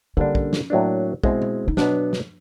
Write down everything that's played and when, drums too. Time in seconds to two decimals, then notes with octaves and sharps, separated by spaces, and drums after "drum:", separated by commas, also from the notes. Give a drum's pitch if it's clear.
0.17 D3 G3 A#3 C#4 D4
0.35 drum: kick
0.53 drum: snare
0.70 A2 F#3 A#3 D4
1.24 B2 G#3 C4 E4, drum: kick
1.42 drum: tom B2
1.68 D#4
1.77 B2 F#3 B3 D4, drum: snare
2.13 drum: snare